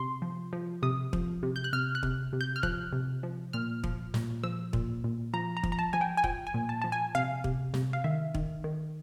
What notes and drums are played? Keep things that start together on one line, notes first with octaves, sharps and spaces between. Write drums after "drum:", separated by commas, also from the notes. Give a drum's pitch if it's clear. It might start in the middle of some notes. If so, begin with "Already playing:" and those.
Already playing: C3 C6
F3
F3
C3 D#6
F3, drum: kick
C3
G6
F#6
C3 F6
F#6
C3, drum: kick
C3
G6
F6
F3 F#6, drum: kick
C3
F3
A#2 F6
F3, drum: kick
A#2, drum: snare
F3 E6
A#2, drum: kick
A#2
F3 A#5
A#5
F3, drum: kick
A#5
A5
F3 G#5
G5
G#5
F3 G5, drum: kick
G#5
A#2
A5
F3 A5
G#5
C3 F5
C3, drum: kick
C3, drum: snare
F5
D#3 E5
D#3, drum: kick
D#3